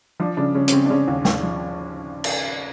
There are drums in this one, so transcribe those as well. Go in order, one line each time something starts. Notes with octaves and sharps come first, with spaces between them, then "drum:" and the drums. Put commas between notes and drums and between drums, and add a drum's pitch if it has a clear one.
F3 D4
C#3 D4
C#3 C#4
C#4, drum: hi-hat
C#3 C4
D4
C#3 C#4
D#2
D#2, drum: snare
F3
drum: cymbal